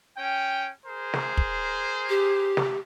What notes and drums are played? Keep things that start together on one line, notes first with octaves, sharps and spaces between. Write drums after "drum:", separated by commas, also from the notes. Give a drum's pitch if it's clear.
C#4 G5
G#4 A#4 C5
drum: snare
drum: kick
G4
drum: snare